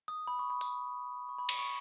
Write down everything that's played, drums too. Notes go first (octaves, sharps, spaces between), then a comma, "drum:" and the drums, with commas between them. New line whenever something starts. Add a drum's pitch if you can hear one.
D#6
B5
C#6
B5
drum: open hi-hat
C#6
B5
drum: cymbal
C#6